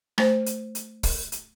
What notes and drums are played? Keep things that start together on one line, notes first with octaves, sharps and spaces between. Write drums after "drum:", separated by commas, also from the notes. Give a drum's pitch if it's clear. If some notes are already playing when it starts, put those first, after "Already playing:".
A3 C5, drum: rim click
drum: hi-hat
drum: hi-hat
drum: kick, open hi-hat
drum: hi-hat